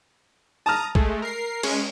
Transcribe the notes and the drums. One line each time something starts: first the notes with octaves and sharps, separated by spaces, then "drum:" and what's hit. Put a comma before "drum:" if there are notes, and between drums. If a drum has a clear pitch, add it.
A5 A#5 D#6 F6
G#3 A3, drum: kick
A#4 C7
G#3 C#4, drum: cymbal